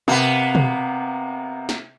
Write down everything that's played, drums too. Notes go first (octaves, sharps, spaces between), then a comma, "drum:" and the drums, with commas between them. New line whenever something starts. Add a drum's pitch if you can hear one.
C3 A#3 B3
drum: tom B2
drum: snare